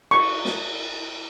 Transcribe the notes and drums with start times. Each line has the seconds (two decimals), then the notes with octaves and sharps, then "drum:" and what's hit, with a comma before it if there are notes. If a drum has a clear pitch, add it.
0.11 C#6, drum: cymbal
0.45 drum: snare